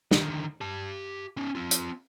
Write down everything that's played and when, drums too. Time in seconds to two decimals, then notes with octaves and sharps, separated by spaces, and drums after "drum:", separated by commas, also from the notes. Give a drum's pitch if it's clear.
0.11 D3 D#3, drum: snare
0.61 G4 A5
1.37 C#4 D#4
1.55 C4 F4
1.71 drum: hi-hat